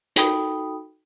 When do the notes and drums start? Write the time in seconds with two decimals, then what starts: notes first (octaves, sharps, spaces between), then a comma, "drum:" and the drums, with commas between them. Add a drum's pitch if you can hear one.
0.16 D#4 F#4 A4 G5 B5 D#6, drum: hi-hat